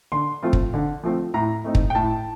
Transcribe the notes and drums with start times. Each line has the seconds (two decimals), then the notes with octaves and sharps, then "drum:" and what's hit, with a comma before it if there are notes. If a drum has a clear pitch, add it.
0.12 D3 C6
0.42 F3 A3 C4 F4
0.53 drum: kick
0.74 D3
1.03 F3 A3 C4 F4
1.34 A2 A#5
1.64 A3 C4 D#4
1.75 drum: kick
1.90 G5
1.95 A2 A5